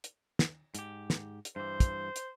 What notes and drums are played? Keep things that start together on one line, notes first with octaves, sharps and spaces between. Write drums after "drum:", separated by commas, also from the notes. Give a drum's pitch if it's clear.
drum: hi-hat
drum: snare
G#2 G4, drum: hi-hat
drum: snare
drum: hi-hat
G2 E3 C5
drum: kick, hi-hat
drum: hi-hat